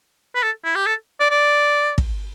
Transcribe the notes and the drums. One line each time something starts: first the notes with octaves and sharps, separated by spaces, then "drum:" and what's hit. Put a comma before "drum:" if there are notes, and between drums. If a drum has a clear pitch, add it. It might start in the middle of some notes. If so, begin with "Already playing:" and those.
B4
A4
E4
G4
A4
D5
D5
drum: kick